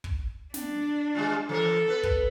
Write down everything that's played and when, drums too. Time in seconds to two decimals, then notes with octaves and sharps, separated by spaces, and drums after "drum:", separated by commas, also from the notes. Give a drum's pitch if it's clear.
0.04 drum: kick
0.54 D4, drum: snare
1.15 G3 G#3 F4
1.49 E3 A4 A#4
1.88 B3 B4
2.03 drum: kick